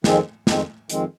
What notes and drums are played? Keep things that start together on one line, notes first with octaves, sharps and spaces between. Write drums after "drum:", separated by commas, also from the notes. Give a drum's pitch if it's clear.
F2 D#3 G#3 C4, drum: snare
F2 D#3 G#3 C4, drum: snare
F2 D#3 G#3 C4, drum: hi-hat